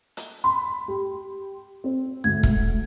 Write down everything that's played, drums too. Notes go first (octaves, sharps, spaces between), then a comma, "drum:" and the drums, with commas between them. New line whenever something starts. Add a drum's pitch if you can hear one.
drum: hi-hat
B5 C6
G4
C4
D2 G#2 G#6
drum: kick E1